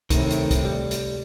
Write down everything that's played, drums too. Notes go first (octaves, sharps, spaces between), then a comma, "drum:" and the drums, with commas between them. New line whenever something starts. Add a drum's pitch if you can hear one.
A2 C3 D#3, drum: kick, hi-hat
drum: hi-hat
drum: kick, hi-hat
G3
drum: hi-hat